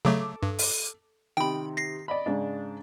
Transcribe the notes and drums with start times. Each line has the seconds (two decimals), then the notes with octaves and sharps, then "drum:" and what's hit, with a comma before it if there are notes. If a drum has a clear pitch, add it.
0.05 C#3 F#3 A3 A4 D6
0.43 G2
0.59 drum: open hi-hat
1.37 C3 D#3 G5 B5
1.77 A#6 C7
2.08 D5 D#5 B5
2.26 G#2 C#3 D4